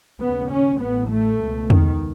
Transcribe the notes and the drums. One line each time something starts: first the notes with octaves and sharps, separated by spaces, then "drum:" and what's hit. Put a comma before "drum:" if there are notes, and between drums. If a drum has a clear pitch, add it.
D#2 C#3 B3
C#4
A1 A2 B3
A3
C#2 B2
D#3, drum: tom E2